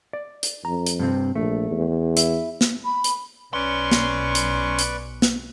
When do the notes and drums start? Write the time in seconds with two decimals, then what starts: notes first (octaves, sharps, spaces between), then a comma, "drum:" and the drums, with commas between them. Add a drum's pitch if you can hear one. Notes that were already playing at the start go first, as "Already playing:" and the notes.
0.13 D5
0.43 drum: hi-hat
0.65 F2 A#5
0.87 drum: hi-hat
0.99 G2 C3 C4
1.35 A#1 A3
1.71 E2
2.17 E4, drum: hi-hat
2.61 drum: snare
2.85 B5
3.04 drum: hi-hat
3.53 B1 C#4 B4 D5 C6 C#6
3.92 drum: snare
4.35 drum: hi-hat
4.79 drum: hi-hat
5.22 drum: snare